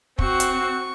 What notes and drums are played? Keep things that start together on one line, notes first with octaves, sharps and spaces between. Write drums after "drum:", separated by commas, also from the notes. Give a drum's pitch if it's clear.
C4 F#4 C#6, drum: kick
drum: hi-hat